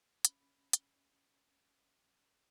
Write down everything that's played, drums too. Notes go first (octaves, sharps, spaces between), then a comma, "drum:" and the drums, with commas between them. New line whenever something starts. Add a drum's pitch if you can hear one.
C#4 B5, drum: hi-hat
drum: hi-hat